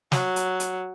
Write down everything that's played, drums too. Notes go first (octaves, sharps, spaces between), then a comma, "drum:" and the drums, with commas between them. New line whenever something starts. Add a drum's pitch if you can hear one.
F#3, drum: snare
drum: hi-hat
drum: hi-hat